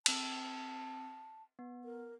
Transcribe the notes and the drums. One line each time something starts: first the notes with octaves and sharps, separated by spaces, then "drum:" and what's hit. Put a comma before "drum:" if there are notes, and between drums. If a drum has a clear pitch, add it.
C4 A5 E6, drum: cymbal
B3
A#4